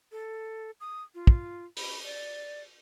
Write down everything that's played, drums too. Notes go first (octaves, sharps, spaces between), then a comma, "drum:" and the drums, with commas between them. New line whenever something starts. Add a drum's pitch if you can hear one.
A4
D#6
F4
drum: kick
B5, drum: open hi-hat
D5